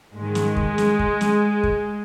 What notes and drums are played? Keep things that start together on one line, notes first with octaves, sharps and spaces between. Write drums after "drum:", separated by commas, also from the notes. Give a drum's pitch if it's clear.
G#2 D#3 G#3
drum: snare
drum: kick
drum: snare
drum: kick
drum: snare
drum: kick